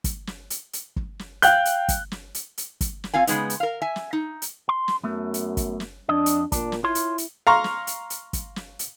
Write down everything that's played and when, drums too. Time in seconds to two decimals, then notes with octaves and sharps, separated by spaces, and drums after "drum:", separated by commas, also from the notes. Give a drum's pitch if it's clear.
0.04 drum: kick, hi-hat
0.27 drum: snare
0.50 drum: hi-hat
0.73 drum: hi-hat
0.96 drum: kick
1.19 drum: snare
1.42 F5 G5 F#6 G6, drum: hi-hat
1.65 drum: hi-hat
1.88 drum: kick, hi-hat
2.12 drum: snare
2.35 drum: hi-hat
2.58 drum: hi-hat
2.81 drum: kick, hi-hat
3.04 drum: snare
3.14 C4 F4 F5 G#5
3.27 C#3 G#3 B3 D#4, drum: hi-hat
3.50 drum: hi-hat
3.60 A#4 F5
3.82 E5 G#5
3.96 drum: snare
4.13 D#4
4.42 drum: hi-hat
4.69 C6
4.88 drum: snare
5.03 F#2 A3 B3
5.34 drum: hi-hat
5.57 drum: kick, hi-hat
5.80 drum: snare
6.09 F2 D4 D#5
6.26 drum: hi-hat
6.52 A#2 D4, drum: kick, hi-hat
6.72 drum: snare
6.84 E4 F4 C#5 C6
6.95 drum: hi-hat
7.18 drum: hi-hat
7.47 F5 A#5 C6 C#6
7.64 drum: snare
7.87 drum: hi-hat
8.10 drum: hi-hat
8.33 drum: kick, hi-hat
8.56 drum: snare
8.79 drum: hi-hat